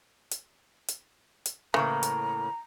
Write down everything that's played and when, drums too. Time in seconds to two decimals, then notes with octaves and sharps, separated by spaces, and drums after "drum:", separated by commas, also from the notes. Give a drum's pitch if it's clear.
0.31 drum: hi-hat
0.88 drum: hi-hat
1.46 drum: hi-hat
1.74 A2 C#3 E3 A#3 A#5
2.03 drum: hi-hat